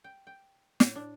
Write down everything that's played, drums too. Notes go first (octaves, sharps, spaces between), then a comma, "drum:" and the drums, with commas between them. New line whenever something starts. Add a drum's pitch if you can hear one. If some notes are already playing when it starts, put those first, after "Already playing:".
G5
G5
A2, drum: snare
D4